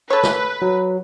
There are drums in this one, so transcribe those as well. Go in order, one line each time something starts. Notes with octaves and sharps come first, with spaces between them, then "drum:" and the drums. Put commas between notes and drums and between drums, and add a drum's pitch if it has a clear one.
A4 B4 C#5
drum: snare
F#3